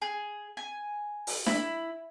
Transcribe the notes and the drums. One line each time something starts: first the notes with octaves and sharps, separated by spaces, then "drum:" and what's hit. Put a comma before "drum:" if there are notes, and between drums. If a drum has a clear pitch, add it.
G#4
G#5
drum: open hi-hat
E4, drum: snare D4